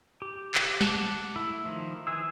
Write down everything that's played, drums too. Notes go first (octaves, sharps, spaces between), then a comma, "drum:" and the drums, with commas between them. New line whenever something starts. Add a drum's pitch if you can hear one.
G4
drum: clap
F#5 A5 D6, drum: snare
A3 E4
D#3 F3
E3 G#4 E6